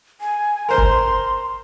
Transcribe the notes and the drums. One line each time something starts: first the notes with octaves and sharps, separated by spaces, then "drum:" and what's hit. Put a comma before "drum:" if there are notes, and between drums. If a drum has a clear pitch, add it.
G#5
A#4 C5 C6
drum: kick F#1